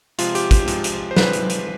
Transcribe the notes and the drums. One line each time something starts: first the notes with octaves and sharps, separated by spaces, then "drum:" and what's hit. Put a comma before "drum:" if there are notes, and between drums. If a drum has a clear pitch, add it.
C3 F3 G#3 F4, drum: hi-hat
G4, drum: hi-hat
G4, drum: kick, hi-hat
C3 F3 G#3, drum: hi-hat
drum: hi-hat
C5
C3 F3 G#3 B4, drum: snare
drum: hi-hat
drum: hi-hat